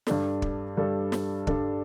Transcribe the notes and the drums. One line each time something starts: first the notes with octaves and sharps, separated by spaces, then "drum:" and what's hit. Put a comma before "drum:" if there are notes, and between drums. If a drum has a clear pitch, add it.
G2 G3 D4 A4, drum: snare
drum: kick
G2 G3 D4 A4
drum: snare
G2 G3 D4 A4, drum: kick